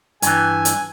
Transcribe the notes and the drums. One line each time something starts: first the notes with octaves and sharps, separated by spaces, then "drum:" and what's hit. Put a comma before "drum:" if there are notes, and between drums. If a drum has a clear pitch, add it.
G2 E3 G#5, drum: hi-hat
drum: hi-hat